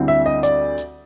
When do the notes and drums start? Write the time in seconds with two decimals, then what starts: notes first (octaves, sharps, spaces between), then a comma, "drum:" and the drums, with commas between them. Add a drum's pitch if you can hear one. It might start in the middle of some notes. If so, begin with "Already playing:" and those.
Already playing: D2 D3 G3 C4 E4
0.08 E5
0.26 D#5
0.43 D5, drum: hi-hat
0.78 drum: hi-hat